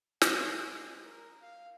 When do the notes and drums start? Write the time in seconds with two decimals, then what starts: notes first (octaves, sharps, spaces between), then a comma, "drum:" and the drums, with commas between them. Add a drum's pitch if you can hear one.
0.22 G5, drum: snare
0.59 G#3
1.05 A#4
1.42 F5